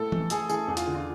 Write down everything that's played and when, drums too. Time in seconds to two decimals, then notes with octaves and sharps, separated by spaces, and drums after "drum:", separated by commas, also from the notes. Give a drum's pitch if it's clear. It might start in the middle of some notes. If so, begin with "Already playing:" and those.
Already playing: A2 A4
0.12 E3, drum: tom E3
0.30 A2 G#4, drum: hi-hat
0.49 E3 G#4, drum: tambourine
0.68 E2 G#4
0.77 F4, drum: hi-hat
0.87 D3
0.95 F4